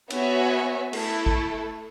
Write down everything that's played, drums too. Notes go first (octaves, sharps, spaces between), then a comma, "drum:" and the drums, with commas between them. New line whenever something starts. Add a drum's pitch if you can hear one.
B3 F#4 C#5 E5 G#5, drum: cymbal
A3 E4 A4, drum: cymbal
drum: kick A1